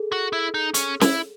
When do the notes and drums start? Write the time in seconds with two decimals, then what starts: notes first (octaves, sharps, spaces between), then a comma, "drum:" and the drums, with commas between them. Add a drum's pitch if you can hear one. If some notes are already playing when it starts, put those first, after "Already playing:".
Already playing: G#4 A4
0.12 F#4
0.33 E4
0.54 D#4
0.74 C#4, drum: hi-hat
1.01 E4, drum: snare